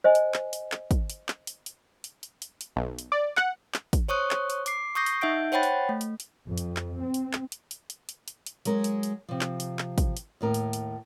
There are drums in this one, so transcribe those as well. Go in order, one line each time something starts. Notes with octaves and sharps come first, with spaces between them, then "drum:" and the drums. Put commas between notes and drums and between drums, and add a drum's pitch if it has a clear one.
C5 D#5 G#5
drum: hi-hat
drum: clap
drum: hi-hat
drum: clap
drum: kick, hi-hat
drum: hi-hat
drum: clap
drum: hi-hat
drum: hi-hat
drum: hi-hat
drum: hi-hat
drum: hi-hat
drum: hi-hat
B1
drum: hi-hat
D5
F#5, drum: clap
drum: clap
drum: kick, hi-hat
C5 C#5 C#6 D#6 F#6
drum: clap
drum: hi-hat
D6 C7, drum: hi-hat
C#6 D#6 G6 A#6 C7
drum: hi-hat
D#4 E5 F#5 G6 D7
C5 C#5 F#5 G5 B5 A6
drum: hi-hat
A3
drum: hi-hat
drum: hi-hat
F2
drum: hi-hat
drum: clap
C4
drum: hi-hat
drum: clap
drum: hi-hat
drum: hi-hat
drum: hi-hat
drum: hi-hat
drum: hi-hat
drum: hi-hat
F#3 G#3 A#4, drum: hi-hat
drum: hi-hat
drum: hi-hat
C3 F3
drum: clap
drum: hi-hat
drum: clap
drum: kick, hi-hat
drum: hi-hat
D#2 A2 A#4
drum: hi-hat
drum: hi-hat